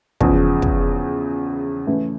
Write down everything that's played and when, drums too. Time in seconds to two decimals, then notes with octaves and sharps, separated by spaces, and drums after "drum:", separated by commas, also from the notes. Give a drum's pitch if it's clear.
0.20 E2 C#3 F3, drum: kick
0.62 drum: kick
1.87 E3 A3 C#4